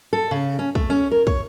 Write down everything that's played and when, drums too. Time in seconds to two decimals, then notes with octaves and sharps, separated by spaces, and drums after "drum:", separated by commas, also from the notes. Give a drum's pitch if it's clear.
0.13 A4
0.31 C#3
0.59 C#4
0.75 A3, drum: kick
0.90 C#4
1.11 A#4
1.27 C#5, drum: kick